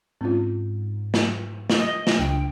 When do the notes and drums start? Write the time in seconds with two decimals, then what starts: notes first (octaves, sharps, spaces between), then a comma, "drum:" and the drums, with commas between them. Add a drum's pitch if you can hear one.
0.21 G#2 C4 C#4 F4
1.14 drum: snare
1.70 drum: snare
1.79 D#5 D#6
2.07 drum: snare
2.19 C#2 D4 G5